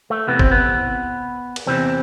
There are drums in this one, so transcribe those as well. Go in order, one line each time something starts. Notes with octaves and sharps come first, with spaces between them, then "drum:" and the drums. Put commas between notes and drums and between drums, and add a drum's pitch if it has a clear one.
A3
E2 C3 E3 B3
C4, drum: kick
B3
drum: cymbal
E2 C3 E3 C4